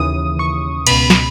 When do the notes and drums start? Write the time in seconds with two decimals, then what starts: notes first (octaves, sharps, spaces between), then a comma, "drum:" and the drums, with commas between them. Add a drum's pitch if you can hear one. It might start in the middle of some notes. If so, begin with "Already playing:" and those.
Already playing: D#2 C#3 E3 D#6
0.39 C#6
0.86 C#2 B2 B5, drum: cymbal
1.10 drum: snare